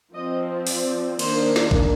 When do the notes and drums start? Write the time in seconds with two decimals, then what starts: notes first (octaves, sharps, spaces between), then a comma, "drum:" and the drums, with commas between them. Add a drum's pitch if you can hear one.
0.14 F3 C4 D#5
0.67 D5, drum: open hi-hat
1.19 D#3 A#3 D4 C5, drum: cymbal
1.56 drum: snare
1.71 drum: kick A1